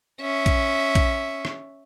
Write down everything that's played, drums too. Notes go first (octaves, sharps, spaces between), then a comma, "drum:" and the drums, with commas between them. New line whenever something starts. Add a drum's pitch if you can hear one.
C#4 E5
drum: kick A#1, hi-hat
drum: kick A#1, hi-hat
drum: rim click